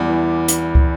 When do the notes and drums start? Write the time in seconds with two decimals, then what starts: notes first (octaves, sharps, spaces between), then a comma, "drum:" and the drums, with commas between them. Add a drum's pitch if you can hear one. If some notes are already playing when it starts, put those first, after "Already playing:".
Already playing: E2 G3 D6
0.08 E3
0.48 drum: hi-hat
0.75 drum: kick